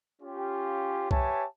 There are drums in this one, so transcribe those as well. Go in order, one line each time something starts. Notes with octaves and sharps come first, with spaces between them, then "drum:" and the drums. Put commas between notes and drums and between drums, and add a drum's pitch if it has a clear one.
C#4 F4 G4
G4 B4 C#5 E5 G#5 A5, drum: kick B1